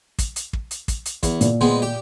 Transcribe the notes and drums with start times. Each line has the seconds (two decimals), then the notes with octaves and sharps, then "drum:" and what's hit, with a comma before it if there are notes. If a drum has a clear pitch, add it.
0.19 drum: kick, hi-hat
0.36 drum: hi-hat
0.53 drum: kick
0.71 drum: hi-hat
0.88 drum: kick, hi-hat
1.05 drum: hi-hat
1.23 E2, drum: kick, hi-hat
1.41 A#2, drum: hi-hat
1.61 G#3 B3 C4
1.82 G4